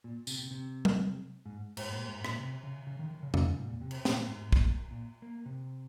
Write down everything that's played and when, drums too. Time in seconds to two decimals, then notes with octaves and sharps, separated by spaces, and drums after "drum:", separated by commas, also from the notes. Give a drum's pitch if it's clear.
0.04 A#2
0.27 C3, drum: tambourine
0.39 C3
0.51 C3
0.85 drum: tom F#3
1.46 G#2
1.77 G#2, drum: cymbal
1.92 A#2
2.08 G#2
2.25 A#2, drum: rim click
2.39 C3
2.63 C#3
2.87 C#3
2.99 D#3
3.11 D#3
3.23 C#3
3.34 C3, drum: tom E2
3.50 G#2
3.66 A#2
3.81 C3
3.91 drum: cymbal
4.05 A#2, drum: snare
4.28 G#2
4.52 A#2, drum: kick
4.91 A#2
5.22 A#3
5.46 C3